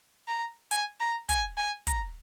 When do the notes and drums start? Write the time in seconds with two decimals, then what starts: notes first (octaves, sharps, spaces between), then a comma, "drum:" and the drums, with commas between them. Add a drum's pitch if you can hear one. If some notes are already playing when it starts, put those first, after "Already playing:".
0.28 A#5
0.71 G#5, drum: hi-hat
1.00 A#5
1.29 G#5, drum: kick, hi-hat
1.57 G#5
1.87 A#5, drum: kick, hi-hat